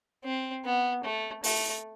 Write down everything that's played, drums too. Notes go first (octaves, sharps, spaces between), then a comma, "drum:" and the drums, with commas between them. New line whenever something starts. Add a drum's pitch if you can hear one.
C4
B3
A3
A3, drum: open hi-hat